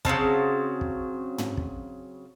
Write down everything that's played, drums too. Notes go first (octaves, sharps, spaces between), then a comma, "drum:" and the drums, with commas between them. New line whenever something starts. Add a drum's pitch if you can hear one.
C#3 F#3 C4 A5, drum: kick
drum: kick
drum: tom
drum: kick